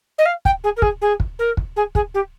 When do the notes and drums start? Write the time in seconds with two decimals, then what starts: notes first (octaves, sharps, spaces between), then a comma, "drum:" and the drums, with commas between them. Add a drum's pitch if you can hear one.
0.18 D#5
0.25 F5
0.45 G5, drum: kick
0.64 G#4
0.77 A#4
0.82 G#4, drum: kick
1.01 G#4
1.20 drum: kick
1.39 A#4
1.57 drum: kick
1.76 G#4
1.95 G#4, drum: kick
2.14 G4